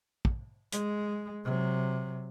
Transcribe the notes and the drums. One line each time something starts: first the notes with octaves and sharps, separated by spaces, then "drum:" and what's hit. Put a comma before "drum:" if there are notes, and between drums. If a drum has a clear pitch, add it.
drum: kick
G#3, drum: hi-hat
C3 F#3